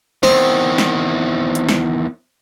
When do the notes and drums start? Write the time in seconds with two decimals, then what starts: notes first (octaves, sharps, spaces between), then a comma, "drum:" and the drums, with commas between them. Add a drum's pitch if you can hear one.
0.23 E2 D#3 C4, drum: snare
0.78 drum: snare
1.55 drum: hi-hat
1.69 drum: snare